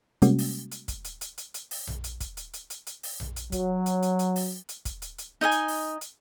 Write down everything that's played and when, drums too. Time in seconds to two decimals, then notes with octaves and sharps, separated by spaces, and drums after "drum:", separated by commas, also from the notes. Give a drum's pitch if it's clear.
0.22 C3 G3 G#3 A#3 C#4 F#4, drum: hi-hat
0.38 drum: open hi-hat
0.72 drum: hi-hat
0.88 drum: kick, hi-hat
1.05 drum: hi-hat
1.21 drum: hi-hat
1.38 drum: hi-hat
1.54 drum: hi-hat
1.71 drum: open hi-hat
1.87 drum: tom A#1
2.04 drum: hi-hat
2.21 drum: kick, hi-hat
2.37 drum: hi-hat
2.54 drum: hi-hat
2.70 drum: hi-hat
2.87 drum: hi-hat
3.03 drum: open hi-hat
3.20 drum: tom A#1
3.36 drum: hi-hat
3.52 F#3, drum: kick, hi-hat
3.86 drum: hi-hat
4.03 drum: hi-hat
4.19 drum: hi-hat
4.36 drum: open hi-hat
4.69 drum: hi-hat
4.85 drum: kick, hi-hat
5.02 drum: hi-hat
5.18 drum: hi-hat
5.41 D#4 D#5 E5 G#5
5.52 drum: hi-hat
5.68 drum: open hi-hat
6.01 drum: hi-hat